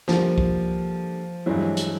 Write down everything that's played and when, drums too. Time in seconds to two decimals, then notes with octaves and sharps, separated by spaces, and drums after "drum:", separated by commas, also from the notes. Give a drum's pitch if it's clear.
0.08 D3 F3 G3 A#3, drum: snare
0.38 drum: kick
1.46 G2 E3 F#3 G#3 C4 E4
1.77 drum: hi-hat